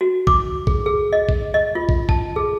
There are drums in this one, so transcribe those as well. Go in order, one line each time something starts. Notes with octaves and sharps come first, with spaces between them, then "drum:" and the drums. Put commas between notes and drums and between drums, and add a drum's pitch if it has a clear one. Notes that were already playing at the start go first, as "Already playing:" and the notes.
F#4
D6, drum: kick
G#4, drum: kick
G#4
D#5
drum: kick
D#5
F4
drum: kick
A5, drum: kick
G#4